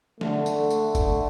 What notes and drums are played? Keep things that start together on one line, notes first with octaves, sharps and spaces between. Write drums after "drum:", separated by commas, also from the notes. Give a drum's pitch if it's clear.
D3 A3, drum: snare
drum: tambourine
drum: tambourine
drum: kick, tambourine